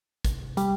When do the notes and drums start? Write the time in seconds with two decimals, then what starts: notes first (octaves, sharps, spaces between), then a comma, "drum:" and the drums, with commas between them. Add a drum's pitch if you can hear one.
0.25 drum: kick, hi-hat
0.57 G3, drum: hi-hat